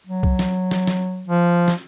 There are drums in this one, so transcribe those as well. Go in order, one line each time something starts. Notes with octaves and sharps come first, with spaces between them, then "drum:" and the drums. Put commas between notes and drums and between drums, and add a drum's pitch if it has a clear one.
F#3
drum: kick
drum: snare
drum: snare
drum: snare
F3
drum: snare